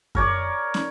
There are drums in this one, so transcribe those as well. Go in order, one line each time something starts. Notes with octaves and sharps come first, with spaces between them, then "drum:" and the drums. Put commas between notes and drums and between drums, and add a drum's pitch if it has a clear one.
A#4 C#5 D5, drum: kick F#2
drum: snare